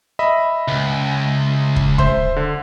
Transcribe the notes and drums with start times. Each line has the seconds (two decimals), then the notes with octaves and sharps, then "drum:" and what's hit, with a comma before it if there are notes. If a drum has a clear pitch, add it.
0.19 D#5 E5 B5
0.68 C#2
1.76 drum: kick
1.98 C5 E5 C6, drum: kick
2.36 D3